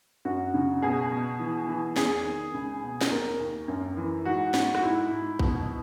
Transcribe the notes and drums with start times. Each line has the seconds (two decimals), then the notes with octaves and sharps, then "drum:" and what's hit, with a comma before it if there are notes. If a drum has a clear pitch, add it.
0.25 F#2 F#4
0.54 C#3
0.82 B2 G#4
1.11 B2
1.39 E3
1.68 E3
1.96 E2 G#4, drum: snare
2.25 D#3
2.54 C#2
2.83 B2
3.01 drum: snare
3.11 D#2 A#4
3.40 D#2
3.68 F#2
3.97 E3
4.25 G#2 F#4
4.54 G#2, drum: snare
4.75 F#4, drum: rim click
4.83 G#2 E4
5.11 G#2
5.39 B2, drum: kick A#1